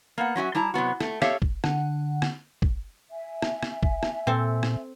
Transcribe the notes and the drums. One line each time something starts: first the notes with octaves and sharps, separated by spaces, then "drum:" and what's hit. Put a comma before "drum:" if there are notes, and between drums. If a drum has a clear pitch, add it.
A#3 B3 F#5
F#3 C#4 F#4 E5
G3 E4 A5 A#5
C3 F#3 B3 F#4
A3, drum: rim click
G4 A4 C#5 E5 F5, drum: rim click
drum: kick
D3 F#5, drum: rim click
drum: rim click
drum: kick
E5 G#5
drum: rim click
drum: rim click
drum: kick
drum: rim click
A#2 C4 A4
drum: rim click